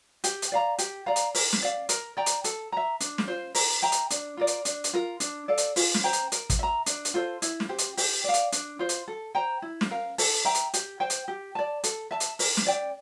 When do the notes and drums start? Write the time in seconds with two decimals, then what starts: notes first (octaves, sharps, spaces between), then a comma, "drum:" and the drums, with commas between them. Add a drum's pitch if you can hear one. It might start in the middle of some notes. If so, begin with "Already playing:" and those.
0.24 G4, drum: hi-hat
0.42 drum: hi-hat
0.52 D5 F5 A#5
0.78 G4, drum: hi-hat
1.06 D5 F5 A#5
1.16 drum: hi-hat
1.35 A#4, drum: open hi-hat
1.53 drum: snare
1.62 D5 F5
1.89 A#4, drum: hi-hat
2.17 D5 G5 A#5
2.26 drum: hi-hat
2.44 A4, drum: hi-hat
2.72 E5 A#5
3.00 D4, drum: hi-hat
3.18 drum: snare
3.28 F4 C5
3.55 A#4, drum: open hi-hat
3.82 E5 G5 A#5
3.92 drum: hi-hat
4.10 D4, drum: hi-hat
4.37 F4 A#4 D5
4.47 drum: hi-hat
4.65 D4, drum: hi-hat
4.84 drum: hi-hat
4.93 F4 A#4
5.20 D4, drum: hi-hat
5.48 A4 D5 F5
5.58 drum: hi-hat
5.76 F4, drum: open hi-hat
5.94 drum: snare
6.04 C5 G5 A#5
6.13 drum: hi-hat
6.32 A#4, drum: hi-hat
6.50 drum: kick, hi-hat
6.59 E5 A#5
6.86 D4, drum: hi-hat
7.05 drum: hi-hat
7.14 F4 A4 C5
7.42 E4, drum: hi-hat
7.60 drum: snare
7.69 G4 C5
7.78 drum: hi-hat
7.97 G4, drum: open hi-hat
8.24 D5 F5
8.34 drum: hi-hat
8.52 D4, drum: hi-hat
8.79 F4 C5
8.89 drum: hi-hat
9.08 A4
9.35 C5 G5 A#5
9.62 E4
9.81 drum: snare
9.90 A#4 F5
10.18 A4, drum: open hi-hat
10.45 E5 G5 A#5
10.55 drum: hi-hat
10.74 G4, drum: hi-hat
11.00 C5 G5
11.10 drum: hi-hat
11.28 G4
11.55 D5 A5
11.84 A4, drum: hi-hat
12.11 E5 A5
12.20 drum: hi-hat
12.39 A#4, drum: open hi-hat
12.57 drum: snare
12.66 D5 G5